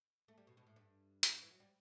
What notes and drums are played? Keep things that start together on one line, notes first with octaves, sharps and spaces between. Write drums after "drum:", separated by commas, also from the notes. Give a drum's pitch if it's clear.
A3
G3
B2
B2
A2
G2
drum: hi-hat
E3
F#3
G3